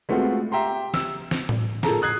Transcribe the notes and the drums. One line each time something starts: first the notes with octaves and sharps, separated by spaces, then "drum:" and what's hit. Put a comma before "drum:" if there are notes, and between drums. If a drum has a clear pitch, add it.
G#3 A3 B3 C4 F4 F#4
G4 E5 G5 A#5 C6
E6, drum: snare
drum: snare
drum: tom A2
A#2 A#3 G#4 A4 A#5, drum: snare
D#6 F#6 G#6 C7